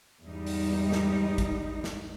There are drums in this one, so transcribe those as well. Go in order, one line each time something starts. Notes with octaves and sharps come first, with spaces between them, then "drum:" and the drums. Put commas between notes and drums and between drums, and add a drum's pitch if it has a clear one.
E2 G#2 G3 D#4
drum: open hi-hat
drum: snare
drum: kick, hi-hat
drum: snare